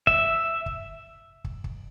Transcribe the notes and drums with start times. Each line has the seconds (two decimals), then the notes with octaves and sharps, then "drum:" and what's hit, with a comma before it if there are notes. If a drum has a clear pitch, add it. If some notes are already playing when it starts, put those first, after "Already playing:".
0.07 E5, drum: kick
0.66 drum: kick
1.44 drum: kick
1.64 drum: kick